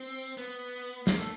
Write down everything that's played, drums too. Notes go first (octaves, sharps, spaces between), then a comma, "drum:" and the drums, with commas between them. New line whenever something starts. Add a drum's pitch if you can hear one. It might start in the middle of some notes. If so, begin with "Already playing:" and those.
Already playing: C4
B3
A#3, drum: snare
A3